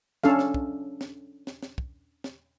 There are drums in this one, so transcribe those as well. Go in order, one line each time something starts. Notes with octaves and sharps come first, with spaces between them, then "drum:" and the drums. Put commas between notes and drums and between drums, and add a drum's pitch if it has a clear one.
C#4 D4 A4 F5, drum: snare
drum: snare
drum: kick
drum: snare
drum: snare
drum: snare
drum: kick
drum: snare